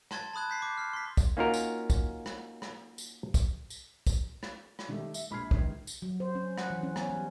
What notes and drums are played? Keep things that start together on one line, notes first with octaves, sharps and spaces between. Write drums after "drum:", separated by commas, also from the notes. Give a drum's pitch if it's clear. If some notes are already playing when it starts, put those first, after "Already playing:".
A5 C6 G#6 A6, drum: rim click
A5 B5 D#6 F#6 G#6
G6 B6 C7
D6
F6 C7
C6 B6
drum: kick, tambourine
A#3 C#4 D#4 F4 F#4 A#4
drum: tambourine
drum: kick, tambourine
drum: rim click
drum: rim click
drum: tambourine
drum: kick, tambourine
drum: tambourine
drum: kick, tambourine
drum: rim click
drum: rim click
D#3 G3 A3
E5, drum: tambourine
A#1 B5 F6 G#6 C7
C#2 D#3, drum: kick
drum: tambourine
F#3
C5
C#4
F#5, drum: rim click
E3
C#4
B3, drum: rim click
G3